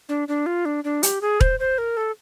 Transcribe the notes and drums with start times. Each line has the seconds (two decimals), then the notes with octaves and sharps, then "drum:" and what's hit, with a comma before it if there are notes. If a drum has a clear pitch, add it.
0.09 D4
0.28 D4
0.46 F4
0.65 D4
0.84 D4
1.03 G4, drum: hi-hat
1.21 G#4
1.41 C5, drum: kick E1
1.60 C5
1.78 A#4
1.97 A4